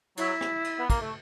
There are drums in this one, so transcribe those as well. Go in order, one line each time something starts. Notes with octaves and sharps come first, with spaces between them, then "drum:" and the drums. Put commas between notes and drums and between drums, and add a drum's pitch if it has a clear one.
F#3 E4, drum: cymbal
drum: rim click
drum: cymbal
B3
A#3, drum: kick, cymbal
A3